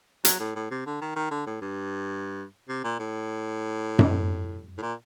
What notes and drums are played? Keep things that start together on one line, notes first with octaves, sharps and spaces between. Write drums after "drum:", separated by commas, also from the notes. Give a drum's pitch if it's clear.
F#3, drum: hi-hat
A2
A2
C3
D3
D#3
D#3
D3
A2
G2
C3
A#2
A2
drum: tom F#2
A2
A#2